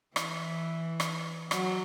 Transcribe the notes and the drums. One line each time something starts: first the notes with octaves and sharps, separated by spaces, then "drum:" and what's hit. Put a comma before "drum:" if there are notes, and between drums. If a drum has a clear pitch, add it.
E3, drum: rim click
drum: rim click
F#3, drum: rim click